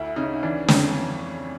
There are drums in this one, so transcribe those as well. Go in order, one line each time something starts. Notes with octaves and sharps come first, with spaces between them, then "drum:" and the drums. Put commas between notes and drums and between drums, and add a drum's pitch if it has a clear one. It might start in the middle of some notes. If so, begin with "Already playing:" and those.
Already playing: D2 E4
C#3 D#4
E3 D4
F2 C#4, drum: snare